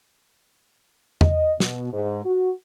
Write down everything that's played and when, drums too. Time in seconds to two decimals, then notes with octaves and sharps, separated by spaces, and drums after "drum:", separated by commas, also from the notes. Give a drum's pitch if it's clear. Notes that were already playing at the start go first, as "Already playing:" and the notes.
1.21 D#5, drum: tom
1.60 B2, drum: snare
1.93 G#2
2.25 F#4